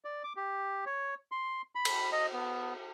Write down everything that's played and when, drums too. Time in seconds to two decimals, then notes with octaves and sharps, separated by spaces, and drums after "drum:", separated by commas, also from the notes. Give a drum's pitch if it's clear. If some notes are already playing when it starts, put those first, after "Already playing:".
0.05 D5
0.24 D6
0.37 G4
0.86 C#5
1.32 C6
1.75 B5
1.85 drum: cymbal
2.12 D#5
2.33 B3